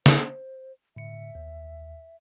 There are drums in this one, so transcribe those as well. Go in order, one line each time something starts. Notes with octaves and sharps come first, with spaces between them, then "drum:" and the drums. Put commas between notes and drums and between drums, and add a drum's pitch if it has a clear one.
C5, drum: snare
A2 D3 E5 C#7
D#2